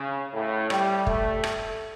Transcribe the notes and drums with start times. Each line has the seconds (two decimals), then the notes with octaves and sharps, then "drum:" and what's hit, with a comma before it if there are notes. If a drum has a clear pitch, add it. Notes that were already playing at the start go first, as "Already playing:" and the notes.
Already playing: C#3
0.34 A2
0.70 G3, drum: rim click
1.07 A3, drum: kick
1.44 drum: rim click